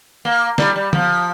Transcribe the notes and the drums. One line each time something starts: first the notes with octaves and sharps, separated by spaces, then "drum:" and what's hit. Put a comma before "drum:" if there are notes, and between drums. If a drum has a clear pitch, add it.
A#3
G3, drum: snare
G3
F3, drum: tom